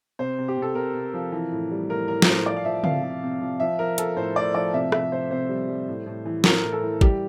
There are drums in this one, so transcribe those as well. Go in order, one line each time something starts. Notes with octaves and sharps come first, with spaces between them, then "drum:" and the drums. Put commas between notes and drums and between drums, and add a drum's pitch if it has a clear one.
C3 C5
C3
G4
C3 A4
C3 A#4
C3
F3
E3
A2
G3
A2 A#4
A2 A#4
A#4, drum: snare
A2 C5
F3 D5
F5
F3 E5
C3 F5, drum: tom C#3
F3
C3
F3
F3 E5
F3 A#4
F3 A4, drum: hi-hat
A2 C5
A2 D5
F3 D5
C3 E5
C3 E5, drum: rim click
C3 C5
C3 C5
G3
G3
A2
A2
E3
A2 A#4, drum: snare
A2
A4
E3
G3 G4, drum: kick